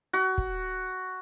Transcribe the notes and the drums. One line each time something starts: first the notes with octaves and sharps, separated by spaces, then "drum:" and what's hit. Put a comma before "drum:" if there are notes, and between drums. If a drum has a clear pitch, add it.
F#4
drum: kick